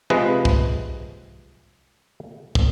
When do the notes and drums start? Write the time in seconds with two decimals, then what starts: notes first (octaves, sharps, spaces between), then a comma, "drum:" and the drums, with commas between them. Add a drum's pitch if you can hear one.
0.10 C3 F3 G#3 B4 D#5
0.45 drum: kick
2.55 drum: kick